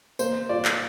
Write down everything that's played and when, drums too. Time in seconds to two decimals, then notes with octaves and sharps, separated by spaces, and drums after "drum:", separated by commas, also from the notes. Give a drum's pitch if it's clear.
0.19 A#3 C5, drum: tambourine
0.49 F4 D5
0.65 drum: clap